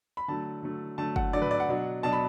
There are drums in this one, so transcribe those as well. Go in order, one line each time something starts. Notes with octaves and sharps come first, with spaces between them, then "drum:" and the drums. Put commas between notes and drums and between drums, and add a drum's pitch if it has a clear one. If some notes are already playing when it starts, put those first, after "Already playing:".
B5
D3 F#3 A3 A5
D3 F#3 A3
D3 F#3 A3 A5
F#5, drum: kick
D3 F#3 A3 D5
B4, drum: tom
D5
F#5
B2 F#3 D4
B2 F#3 D4 A5
B5